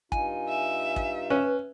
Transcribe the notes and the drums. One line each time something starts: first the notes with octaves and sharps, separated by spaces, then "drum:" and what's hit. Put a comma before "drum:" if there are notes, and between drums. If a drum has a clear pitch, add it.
G2 D#4 F4 G#5, drum: kick
E5
drum: kick
C#4 B4